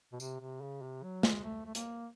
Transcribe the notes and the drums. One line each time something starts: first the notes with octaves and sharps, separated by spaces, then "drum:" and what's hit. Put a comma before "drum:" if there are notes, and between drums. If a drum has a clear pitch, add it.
B2
C3, drum: tambourine
C3
C#3
C3
F#3
G#3, drum: snare
A3
A3
A#3, drum: hi-hat